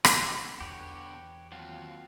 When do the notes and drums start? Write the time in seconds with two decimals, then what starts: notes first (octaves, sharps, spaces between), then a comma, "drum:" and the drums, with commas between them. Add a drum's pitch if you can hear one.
0.05 G2 G3, drum: rim click
0.37 B2 D3
0.60 E2 G4 B4 C#5
1.52 D#2 F#3 C4 F4